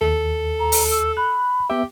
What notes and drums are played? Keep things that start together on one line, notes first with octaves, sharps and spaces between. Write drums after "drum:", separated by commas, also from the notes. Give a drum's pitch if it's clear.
D#2 A4
A#5
drum: open hi-hat
E6
B5 F#6
B3 G4 E5